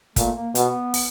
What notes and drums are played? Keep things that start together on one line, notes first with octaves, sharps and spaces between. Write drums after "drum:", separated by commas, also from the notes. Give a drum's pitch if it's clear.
A#2 A3, drum: kick, hi-hat
A#3
B2 B3, drum: hi-hat
drum: open hi-hat